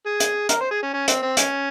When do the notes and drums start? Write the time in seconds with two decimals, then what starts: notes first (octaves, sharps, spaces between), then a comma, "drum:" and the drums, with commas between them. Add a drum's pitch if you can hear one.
0.06 G#4
0.20 drum: hi-hat
0.49 A#4, drum: hi-hat
0.61 C5
0.71 G#4
0.83 C#4
0.93 C#4
1.08 C4, drum: hi-hat
1.22 C4
1.37 C#4, drum: hi-hat